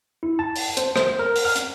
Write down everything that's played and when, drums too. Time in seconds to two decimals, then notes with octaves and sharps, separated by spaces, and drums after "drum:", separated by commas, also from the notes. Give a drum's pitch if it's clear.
0.23 E4
0.39 A5
0.56 drum: open hi-hat
0.77 C5, drum: hi-hat
0.96 C5, drum: rim click
1.19 A#4
1.36 drum: open hi-hat
1.45 F6
1.56 drum: hi-hat